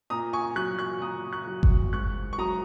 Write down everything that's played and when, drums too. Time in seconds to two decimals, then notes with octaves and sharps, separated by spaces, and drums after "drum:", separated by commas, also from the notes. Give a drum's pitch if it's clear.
0.10 A#2 A#5 D#6
0.33 G#5 C#6
0.56 F#3 C#6 F#6
0.79 C#6 F#6
1.02 A#2 A#5 D#6
1.33 C#6 F#6
1.47 F#3
1.63 drum: kick G1
1.93 G#2 C#6 F#6
2.33 C#6
2.38 F#3 A#5 D#6